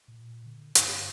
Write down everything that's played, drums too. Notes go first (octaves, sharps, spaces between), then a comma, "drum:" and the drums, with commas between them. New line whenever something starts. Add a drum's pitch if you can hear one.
A#2
D3
G2, drum: hi-hat